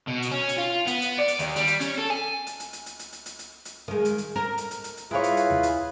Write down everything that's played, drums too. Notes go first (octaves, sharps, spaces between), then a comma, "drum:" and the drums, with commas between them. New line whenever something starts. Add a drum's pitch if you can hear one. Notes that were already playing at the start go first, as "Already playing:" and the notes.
B2
drum: hi-hat
C#4
drum: hi-hat
F4
B3, drum: hi-hat
drum: hi-hat
D5
drum: hi-hat
D#2, drum: hi-hat
G3, drum: hi-hat
drum: hi-hat
C#4, drum: hi-hat
A4
G#5
drum: hi-hat
drum: hi-hat
drum: hi-hat
drum: hi-hat
drum: hi-hat
drum: hi-hat
drum: hi-hat
drum: hi-hat
drum: hi-hat
D#3 G#3
drum: hi-hat
drum: hi-hat
A#4
drum: hi-hat
drum: hi-hat
drum: hi-hat
drum: hi-hat
E4 F4 G#4 B4 C#5
drum: hi-hat
drum: hi-hat
drum: tom D#2
drum: hi-hat